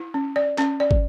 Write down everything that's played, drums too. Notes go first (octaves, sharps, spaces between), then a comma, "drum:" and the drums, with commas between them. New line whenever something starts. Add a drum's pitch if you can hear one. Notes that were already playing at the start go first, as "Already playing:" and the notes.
Already playing: E4
C#4
D5
C#4, drum: clap
D5
drum: kick